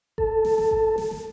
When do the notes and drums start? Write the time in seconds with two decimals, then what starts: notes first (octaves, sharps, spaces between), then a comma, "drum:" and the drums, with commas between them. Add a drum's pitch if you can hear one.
0.18 A4, drum: kick G1
0.45 drum: snare
0.58 drum: snare
0.71 drum: kick G1
0.98 drum: snare
1.11 drum: snare